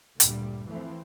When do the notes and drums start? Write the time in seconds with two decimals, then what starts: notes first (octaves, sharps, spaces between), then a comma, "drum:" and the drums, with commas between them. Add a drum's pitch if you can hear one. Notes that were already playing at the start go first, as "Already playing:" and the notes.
0.20 D2 G2 A#2 D3 G3, drum: hi-hat
0.67 E3 F3 A3 C4